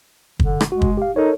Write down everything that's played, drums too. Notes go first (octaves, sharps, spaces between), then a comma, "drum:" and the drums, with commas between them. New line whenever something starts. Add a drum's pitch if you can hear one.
D3, drum: kick
drum: rim click
G#3 F#4
drum: kick
G4 F5
D#4 A4 A#4 C#5